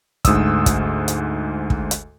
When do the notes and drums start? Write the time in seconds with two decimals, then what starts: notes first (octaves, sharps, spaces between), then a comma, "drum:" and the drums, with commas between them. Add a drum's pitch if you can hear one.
0.25 D2 G#2 D#6 E6, drum: kick, hi-hat
0.66 drum: kick, hi-hat
1.08 drum: hi-hat
1.70 drum: kick
1.91 drum: hi-hat